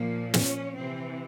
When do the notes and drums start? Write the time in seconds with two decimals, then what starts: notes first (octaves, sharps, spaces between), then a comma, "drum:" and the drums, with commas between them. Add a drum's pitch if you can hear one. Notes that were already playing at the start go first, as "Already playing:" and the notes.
Already playing: A#2 F3 A#3
0.34 C#4, drum: snare
0.77 C3 E3 C4